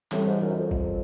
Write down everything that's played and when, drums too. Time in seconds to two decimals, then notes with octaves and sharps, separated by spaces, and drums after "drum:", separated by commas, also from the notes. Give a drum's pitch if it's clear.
0.12 A2 E3 G3 C4, drum: clap
0.26 G#2
0.41 F#2
0.56 F2
0.71 drum: kick